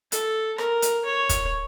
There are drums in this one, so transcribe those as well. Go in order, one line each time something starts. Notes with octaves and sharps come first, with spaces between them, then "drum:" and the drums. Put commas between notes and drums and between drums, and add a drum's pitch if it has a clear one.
A4, drum: hi-hat
A#4, drum: rim click
drum: hi-hat
C#5
drum: kick, hi-hat